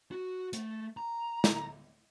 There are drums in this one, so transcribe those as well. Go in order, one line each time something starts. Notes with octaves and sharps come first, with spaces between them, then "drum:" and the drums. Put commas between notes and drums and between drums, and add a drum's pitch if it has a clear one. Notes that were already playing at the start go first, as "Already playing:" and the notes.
F#4
A3, drum: hi-hat
A#5
drum: snare